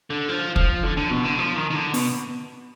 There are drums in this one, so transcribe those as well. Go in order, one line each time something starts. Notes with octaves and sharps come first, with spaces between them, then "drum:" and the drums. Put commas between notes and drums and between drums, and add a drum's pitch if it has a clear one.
D3
F3
F3, drum: kick
D3
D3
B2
D3
F3
D#3
D#3
D3
B2, drum: open hi-hat